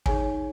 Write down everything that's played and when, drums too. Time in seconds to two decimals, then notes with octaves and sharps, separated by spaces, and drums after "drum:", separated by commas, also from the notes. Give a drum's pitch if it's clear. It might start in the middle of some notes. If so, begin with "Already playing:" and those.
0.06 D#4 G#4 C#5 G#5, drum: kick